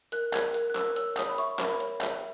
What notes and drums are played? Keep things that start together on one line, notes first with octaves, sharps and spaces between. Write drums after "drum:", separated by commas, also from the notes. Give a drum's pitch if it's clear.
A#4 F#6, drum: hi-hat
A#4 G#6, drum: clap
A#4 F#6, drum: hi-hat
F#6
A#4 E6, drum: clap
C#5 E6, drum: hi-hat
C#5 D#6, drum: clap
B5
E5 C#6, drum: hi-hat
A#4, drum: clap
B5
C#5, drum: hi-hat
E5, drum: clap